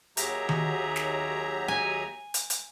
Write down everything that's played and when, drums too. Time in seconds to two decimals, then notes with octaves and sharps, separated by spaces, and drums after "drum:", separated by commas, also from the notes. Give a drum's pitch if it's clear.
0.17 D#2 F#3 G4 G#4 E5 A#5, drum: hi-hat
0.49 drum: tom D#3
0.96 drum: snare
1.68 G#5
2.34 drum: hi-hat
2.50 drum: hi-hat